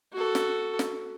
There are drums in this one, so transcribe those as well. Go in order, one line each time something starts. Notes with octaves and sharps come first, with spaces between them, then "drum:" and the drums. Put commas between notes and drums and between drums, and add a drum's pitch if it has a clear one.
F#4 A4
drum: snare
drum: snare